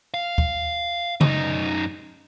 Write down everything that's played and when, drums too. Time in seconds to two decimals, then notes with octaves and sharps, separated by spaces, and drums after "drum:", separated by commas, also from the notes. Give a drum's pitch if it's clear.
0.14 F5
0.38 drum: kick
1.21 F#2 D#4, drum: tom C#3